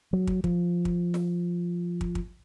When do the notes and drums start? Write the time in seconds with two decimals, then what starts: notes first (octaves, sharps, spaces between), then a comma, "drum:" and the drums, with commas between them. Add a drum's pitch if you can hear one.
0.13 F#3
0.27 drum: kick
0.44 F3, drum: kick
0.85 drum: kick
1.14 drum: snare
2.01 drum: kick
2.15 drum: kick